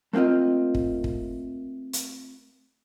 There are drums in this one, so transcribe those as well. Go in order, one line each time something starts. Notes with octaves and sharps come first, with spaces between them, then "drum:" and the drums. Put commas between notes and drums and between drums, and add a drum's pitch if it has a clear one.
A3 A#3 C4 F4 D#5
drum: kick
drum: kick
drum: hi-hat